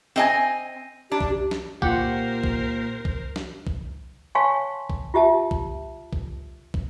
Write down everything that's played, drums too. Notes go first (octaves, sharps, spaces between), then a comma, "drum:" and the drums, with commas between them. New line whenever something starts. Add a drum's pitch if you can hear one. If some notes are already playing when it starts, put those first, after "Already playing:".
C4 D#5 G#5
D4 G4
drum: kick
drum: snare
A#2 F4 G4 A#4 C5 F#5, drum: kick
drum: kick
drum: kick
drum: snare
drum: kick
C#5 F5 G#5 A5 C6 C#6
drum: kick
F4 G4 E5 A5
drum: kick
drum: kick
drum: kick